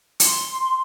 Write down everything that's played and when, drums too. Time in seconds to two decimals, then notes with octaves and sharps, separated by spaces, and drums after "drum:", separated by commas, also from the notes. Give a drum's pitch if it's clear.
0.20 C6, drum: hi-hat